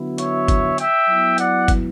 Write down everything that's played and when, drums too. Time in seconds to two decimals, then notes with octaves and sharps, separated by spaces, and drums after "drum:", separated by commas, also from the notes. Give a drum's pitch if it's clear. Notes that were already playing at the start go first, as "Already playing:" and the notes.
Already playing: D3 F#3 B3 E4
0.18 C#5 E5, drum: hi-hat
0.48 drum: kick, hi-hat
0.78 E5 G5, drum: hi-hat
1.08 F#3 B3 E4
1.38 D5 F#5, drum: hi-hat
1.68 drum: kick, hi-hat